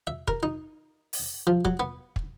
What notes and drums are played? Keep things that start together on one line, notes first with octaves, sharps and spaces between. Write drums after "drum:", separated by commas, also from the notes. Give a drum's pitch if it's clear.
E5
A#4, drum: kick
D#4
drum: open hi-hat
F3
F#3, drum: kick
B3
drum: kick